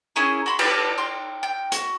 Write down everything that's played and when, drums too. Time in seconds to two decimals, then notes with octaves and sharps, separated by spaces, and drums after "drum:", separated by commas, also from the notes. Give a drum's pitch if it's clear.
0.16 C#4 E4 G#4 A#4
0.46 F#4 B5 C6
0.59 G4 A4 B4 D5, drum: cymbal
0.98 G5 C6
1.43 G5
1.72 F#4, drum: hi-hat